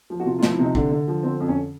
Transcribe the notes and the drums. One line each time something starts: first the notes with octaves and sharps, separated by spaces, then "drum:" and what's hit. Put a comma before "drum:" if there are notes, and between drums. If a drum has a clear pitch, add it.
F3
F#4
C3 F4
F4
F3, drum: snare
E4
C3 D#4
D3 D4, drum: kick
D3
F3
D3 C4
F2
C#4